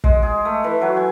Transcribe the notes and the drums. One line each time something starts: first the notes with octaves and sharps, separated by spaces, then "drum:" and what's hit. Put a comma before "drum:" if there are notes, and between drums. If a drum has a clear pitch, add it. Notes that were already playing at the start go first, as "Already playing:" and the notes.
G#3, drum: kick
G#4
A3
E3
F#3
G#5